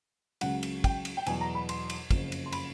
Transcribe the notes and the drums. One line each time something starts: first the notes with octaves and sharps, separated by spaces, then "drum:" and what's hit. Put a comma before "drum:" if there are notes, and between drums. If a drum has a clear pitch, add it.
C#2 C#3 F#3 F#5, drum: cymbal
drum: cymbal
G5, drum: kick, cymbal
drum: cymbal
G5
E2 B2 F#3 G#5, drum: cymbal
A#5
B5
C6, drum: cymbal
drum: cymbal
F#1 F2 C#3, drum: kick, cymbal
drum: cymbal
C6
B5, drum: cymbal